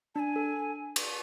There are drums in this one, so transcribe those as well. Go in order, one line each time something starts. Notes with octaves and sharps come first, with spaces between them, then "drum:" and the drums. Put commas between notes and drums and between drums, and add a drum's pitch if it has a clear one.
D4 G#5 A5
A4
drum: cymbal